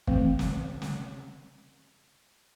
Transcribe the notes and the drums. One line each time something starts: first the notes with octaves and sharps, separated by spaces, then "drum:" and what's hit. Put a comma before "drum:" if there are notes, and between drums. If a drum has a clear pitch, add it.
E3 A3 C4, drum: kick
drum: snare
drum: snare